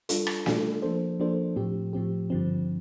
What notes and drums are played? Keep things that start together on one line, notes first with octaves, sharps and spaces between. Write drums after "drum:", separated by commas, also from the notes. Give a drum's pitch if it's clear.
G3 D4 F4 A4, drum: hi-hat
drum: rim click
G3 D4 F4 A4, drum: snare
F3 A#3 D4 A4 C5
F3 A#3 D4 A4 C5
A2 F3 C4 G4
A2 F3 C4 G4
G2 D3 F3 C4